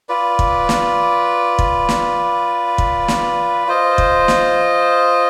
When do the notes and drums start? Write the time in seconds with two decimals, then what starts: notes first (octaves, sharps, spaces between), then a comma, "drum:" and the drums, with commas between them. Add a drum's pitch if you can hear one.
0.09 F4 B4 D5
0.39 drum: kick
0.69 drum: snare
1.59 drum: kick
1.89 drum: snare
2.78 drum: kick
3.08 drum: snare
3.68 F4 C5 D#5
3.98 drum: kick
4.28 drum: snare